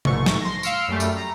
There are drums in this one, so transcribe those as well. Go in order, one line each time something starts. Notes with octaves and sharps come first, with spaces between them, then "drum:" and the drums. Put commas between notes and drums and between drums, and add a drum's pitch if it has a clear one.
A#1 G#2 A3 C#6, drum: tom C3
drum: snare
C6 A#6
F5 C6 E6 F6 C#7 D7, drum: tambourine
F#2 G3 A3
drum: tambourine
A#5